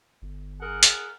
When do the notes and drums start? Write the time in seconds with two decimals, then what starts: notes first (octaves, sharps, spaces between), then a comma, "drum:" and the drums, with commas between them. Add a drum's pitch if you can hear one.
0.22 G1
0.61 G#4 A#4 F#5
0.83 drum: hi-hat